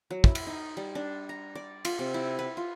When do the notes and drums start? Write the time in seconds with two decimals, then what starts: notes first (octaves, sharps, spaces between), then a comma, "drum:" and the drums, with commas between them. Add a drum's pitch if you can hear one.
0.11 F#3
0.24 E4, drum: kick
0.35 drum: cymbal
0.47 D#4
0.77 G3
0.95 D4
1.29 A#5
1.55 D5
1.85 F4, drum: cymbal
1.99 C3
2.14 E4
2.39 B4
2.57 F4